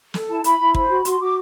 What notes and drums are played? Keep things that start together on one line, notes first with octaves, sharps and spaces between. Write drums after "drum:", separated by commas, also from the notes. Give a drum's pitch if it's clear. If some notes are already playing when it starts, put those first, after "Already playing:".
A4, drum: snare
E4 A5
E4 B5, drum: hi-hat
E4
C5 B5, drum: kick
F#4
F#4 C6, drum: hi-hat
F#4 D6